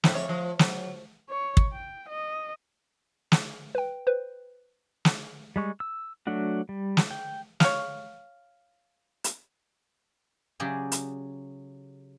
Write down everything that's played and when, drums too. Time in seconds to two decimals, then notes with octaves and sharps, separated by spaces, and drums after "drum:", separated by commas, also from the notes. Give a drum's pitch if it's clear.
0.04 A2 F3 E4, drum: snare
0.15 F2 C#5
0.29 F3
0.59 F#3, drum: snare
1.30 C#5
1.57 drum: kick
1.72 G5
2.09 D#5
3.32 drum: snare
3.75 B4 G5
4.07 B4 C5
5.05 drum: snare
5.56 G3 G#3 C#6
5.80 E6
6.27 F#3 A3 D4 F#4
6.69 G3
6.97 drum: snare
7.11 G5
7.60 C#5 F5, drum: snare
9.24 drum: hi-hat
10.60 C#3 F#3 G4 G#4 D5 E5
10.92 drum: hi-hat